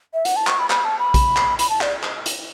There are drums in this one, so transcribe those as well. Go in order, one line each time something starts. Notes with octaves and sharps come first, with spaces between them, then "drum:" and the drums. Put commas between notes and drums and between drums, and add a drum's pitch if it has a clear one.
E5
F#5, drum: hi-hat
A5
C#6, drum: clap
B5
B5, drum: clap
A5
B5
drum: kick A#1, hi-hat
drum: clap
B5, drum: hi-hat
A5
D5, drum: clap
drum: clap
drum: hi-hat